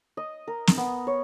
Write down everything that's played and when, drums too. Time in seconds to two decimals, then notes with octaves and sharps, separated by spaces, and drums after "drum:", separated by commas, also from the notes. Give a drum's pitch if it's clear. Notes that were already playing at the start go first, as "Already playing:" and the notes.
0.17 D#5
0.48 A#4
0.67 drum: snare
0.78 B3
1.07 C#5